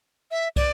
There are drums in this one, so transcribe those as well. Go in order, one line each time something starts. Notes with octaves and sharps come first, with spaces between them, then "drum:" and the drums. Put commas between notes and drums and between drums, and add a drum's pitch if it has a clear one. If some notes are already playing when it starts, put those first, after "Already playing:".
E5
D5, drum: kick, cymbal